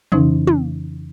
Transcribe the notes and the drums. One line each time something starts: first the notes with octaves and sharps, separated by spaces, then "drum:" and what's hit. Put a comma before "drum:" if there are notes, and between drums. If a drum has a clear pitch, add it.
F2 C#3 E3 C#4 D#4, drum: tom
drum: tom